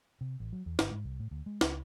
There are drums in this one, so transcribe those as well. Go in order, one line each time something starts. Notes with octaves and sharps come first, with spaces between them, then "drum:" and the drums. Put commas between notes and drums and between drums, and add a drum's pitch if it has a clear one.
C3
A1
F#3
E2
G1, drum: snare
G#2
C2
A2
D2
G#3
C#2, drum: snare